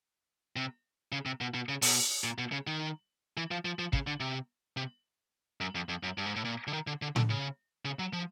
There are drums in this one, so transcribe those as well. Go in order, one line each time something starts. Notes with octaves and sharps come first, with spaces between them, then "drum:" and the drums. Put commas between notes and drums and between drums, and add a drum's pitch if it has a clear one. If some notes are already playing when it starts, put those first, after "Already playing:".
C3
C#3
C3
B2
B2
C#3
B2, drum: open hi-hat
A#2
B2
C#3
D#3
E3
F3
F3
F3
C#3, drum: kick
D3
C3
C3
F#2
F2
F2
F#2
G2
G#2
A2
A#2
D3
D#3
D3
D3
D3, drum: tom A2
C#3
C#3
F#3
F3